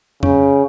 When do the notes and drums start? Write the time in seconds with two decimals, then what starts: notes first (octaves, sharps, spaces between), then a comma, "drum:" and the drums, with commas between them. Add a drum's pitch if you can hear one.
0.23 C#3 C#4, drum: tom F2